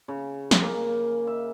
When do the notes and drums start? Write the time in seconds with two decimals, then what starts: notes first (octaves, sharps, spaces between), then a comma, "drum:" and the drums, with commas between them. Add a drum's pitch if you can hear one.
0.08 C#3
0.51 drum: snare
0.62 A#3
1.27 E5